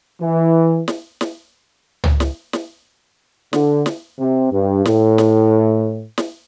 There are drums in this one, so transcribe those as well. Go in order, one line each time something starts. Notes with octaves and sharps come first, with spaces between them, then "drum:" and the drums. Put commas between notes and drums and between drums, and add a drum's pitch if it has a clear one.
E3
drum: snare
drum: snare
drum: tom
drum: snare
drum: snare
D3, drum: snare
drum: snare
C3
G2
A2, drum: snare
drum: snare
drum: snare